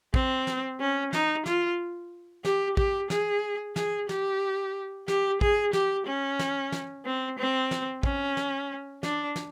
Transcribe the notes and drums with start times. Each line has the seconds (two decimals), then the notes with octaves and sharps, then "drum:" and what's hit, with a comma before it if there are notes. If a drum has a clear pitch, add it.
0.14 C4, drum: kick
0.47 drum: snare
0.80 C#4
1.13 D#4, drum: snare
1.46 F4, drum: snare
2.45 G4, drum: snare
2.77 G4, drum: kick
3.10 G#4, drum: snare
3.76 G#4, drum: snare
4.09 G4, drum: snare
5.08 G4, drum: snare
5.41 G#4, drum: kick
5.73 G4, drum: snare
6.06 C#4
6.39 drum: snare
6.72 drum: snare
7.05 C4
7.39 C4
7.71 drum: snare
8.03 C#4, drum: kick
8.37 drum: snare
9.03 D4, drum: snare
9.36 drum: snare